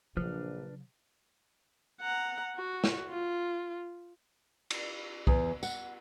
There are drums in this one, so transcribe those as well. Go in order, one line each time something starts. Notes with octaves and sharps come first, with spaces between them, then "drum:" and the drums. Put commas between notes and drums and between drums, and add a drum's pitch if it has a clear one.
A#1 C#3 F3 F#3 D4 B4 F6
F#5 A#5
F#4
drum: snare
F4
drum: cymbal
E2, drum: kick B1
F#5, drum: tambourine